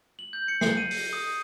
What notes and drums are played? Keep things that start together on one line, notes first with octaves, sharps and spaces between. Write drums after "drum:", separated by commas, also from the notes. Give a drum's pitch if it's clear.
F#7
G6
C#7
C7, drum: snare
D#7
C7, drum: open hi-hat
D#6